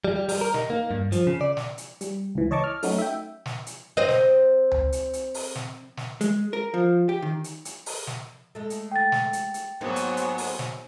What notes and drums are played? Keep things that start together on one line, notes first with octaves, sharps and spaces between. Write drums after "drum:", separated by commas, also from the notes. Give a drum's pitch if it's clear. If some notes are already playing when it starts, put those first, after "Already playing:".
G3
G3
G3, drum: open hi-hat
A#4
D#4, drum: snare
A#3
G2
F3, drum: hi-hat
C#3
D5
drum: snare
drum: hi-hat
G3, drum: hi-hat
C#2 E3
C#5 D#5 A5 C#6 D6
F6
F#3 A3 C#4 D#4 F#4, drum: open hi-hat
E5 G5
drum: snare
drum: hi-hat
C4 C5 D#5
drum: snare
drum: tom C#2
drum: hi-hat
drum: hi-hat
drum: open hi-hat
drum: snare
drum: snare
G#3, drum: hi-hat
A#4
F3
G4
D#3
drum: hi-hat
drum: hi-hat
drum: open hi-hat
drum: snare
G#3 A3
drum: hi-hat
G5 A6
drum: snare
drum: hi-hat
drum: hi-hat
G#2 F#3 A#3 B3
drum: hi-hat
drum: hi-hat
drum: open hi-hat
drum: snare